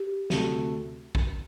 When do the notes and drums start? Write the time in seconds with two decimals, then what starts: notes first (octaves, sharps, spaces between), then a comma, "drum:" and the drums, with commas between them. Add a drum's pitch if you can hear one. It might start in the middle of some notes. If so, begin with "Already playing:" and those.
Already playing: G4
0.30 D2 C3 A3, drum: snare
1.15 drum: kick A#1